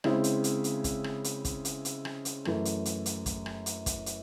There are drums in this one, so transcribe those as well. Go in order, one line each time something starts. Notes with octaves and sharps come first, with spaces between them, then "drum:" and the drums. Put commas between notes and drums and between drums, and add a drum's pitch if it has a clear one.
C#3 G#3 C4 E4, drum: rim click
drum: hi-hat
drum: hi-hat
drum: hi-hat
drum: kick, hi-hat
drum: rim click
drum: hi-hat
drum: kick, hi-hat
drum: hi-hat
drum: hi-hat
drum: rim click
drum: hi-hat
F#2 E3 A3, drum: rim click
drum: hi-hat
drum: hi-hat
drum: hi-hat
drum: kick, hi-hat
drum: rim click
drum: hi-hat
drum: kick, hi-hat
drum: hi-hat